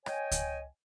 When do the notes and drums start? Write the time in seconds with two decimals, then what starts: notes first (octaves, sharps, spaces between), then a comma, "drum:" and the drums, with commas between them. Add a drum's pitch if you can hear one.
0.06 C#5 D#5 G5 G#5, drum: rim click
0.31 drum: kick C#2, hi-hat